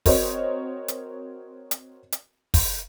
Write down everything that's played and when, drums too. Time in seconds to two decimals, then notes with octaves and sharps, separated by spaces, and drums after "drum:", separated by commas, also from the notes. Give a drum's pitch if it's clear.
0.06 C4 F#4 A#4 C5 C#5 D#5, drum: kick, open hi-hat
0.88 drum: hi-hat
1.71 drum: hi-hat
2.12 drum: hi-hat
2.54 drum: kick, open hi-hat